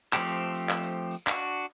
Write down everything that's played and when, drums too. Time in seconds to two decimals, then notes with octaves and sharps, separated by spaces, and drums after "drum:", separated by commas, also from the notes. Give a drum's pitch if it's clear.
0.13 F3 A3 C4 G4 A4, drum: clap
0.27 drum: tambourine
0.55 drum: tambourine
0.69 drum: clap
0.83 drum: tambourine
1.11 drum: tambourine
1.27 D4 F#4, drum: clap
1.39 drum: tambourine